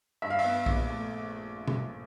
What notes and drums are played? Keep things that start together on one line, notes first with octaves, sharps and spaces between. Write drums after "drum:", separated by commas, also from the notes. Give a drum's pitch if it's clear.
G2 E5
F5
E5, drum: open hi-hat
B3
A#1, drum: kick
A3
drum: tom B2